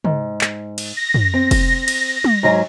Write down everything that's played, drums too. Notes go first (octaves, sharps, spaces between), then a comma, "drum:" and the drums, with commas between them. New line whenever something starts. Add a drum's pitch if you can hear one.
G#2, drum: tom
drum: clap
drum: cymbal
A#6
drum: tom
C4
drum: kick, cymbal
drum: cymbal
drum: tom
G#2 F#3 G#5